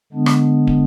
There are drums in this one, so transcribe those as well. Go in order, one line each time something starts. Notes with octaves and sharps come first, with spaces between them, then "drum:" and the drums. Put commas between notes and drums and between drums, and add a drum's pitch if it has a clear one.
D3 G#3 B3 D4
drum: rim click
drum: kick